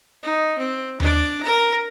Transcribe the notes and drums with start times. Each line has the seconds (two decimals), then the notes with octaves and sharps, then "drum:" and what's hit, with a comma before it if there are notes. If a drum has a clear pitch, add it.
0.23 D#4
0.58 C4
1.00 D4 D5, drum: tom D#2
1.43 A#4 A#5